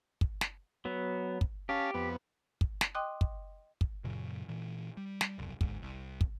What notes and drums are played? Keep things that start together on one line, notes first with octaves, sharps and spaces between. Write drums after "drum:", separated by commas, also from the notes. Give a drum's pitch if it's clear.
drum: kick
drum: snare
F#3 B3
drum: kick
C#4 G4 F5 A5
F2 B3
drum: kick
drum: snare
D#5 G5 C6 D6 D#6 F#6
drum: kick
drum: kick
F#2 A#2 C#3 F#3
A#2 E3
G3
drum: snare
E1 C2 F#2
D2 G#2, drum: kick
C2
drum: kick